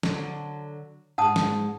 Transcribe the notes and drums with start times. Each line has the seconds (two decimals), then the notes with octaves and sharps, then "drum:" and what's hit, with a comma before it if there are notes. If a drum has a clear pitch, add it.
0.03 D3 F#3, drum: snare
1.18 G#2 G#3 F#5 A5 D#6
1.36 drum: snare